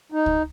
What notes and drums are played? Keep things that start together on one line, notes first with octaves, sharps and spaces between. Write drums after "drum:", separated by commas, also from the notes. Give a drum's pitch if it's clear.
D#4
drum: kick